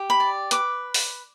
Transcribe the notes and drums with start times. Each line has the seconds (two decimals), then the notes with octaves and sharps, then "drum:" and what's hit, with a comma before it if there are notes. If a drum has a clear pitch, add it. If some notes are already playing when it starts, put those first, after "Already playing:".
Already playing: G4
0.10 B5
0.20 D5
0.51 B4 D6, drum: hi-hat
0.94 drum: open hi-hat